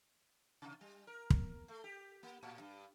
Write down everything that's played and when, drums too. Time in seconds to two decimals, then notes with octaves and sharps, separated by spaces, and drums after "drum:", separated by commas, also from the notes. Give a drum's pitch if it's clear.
0.62 C3
0.81 G3
1.07 A#4
1.30 drum: kick
1.68 A3
1.84 G4
2.23 A#3
2.43 A2
2.60 G2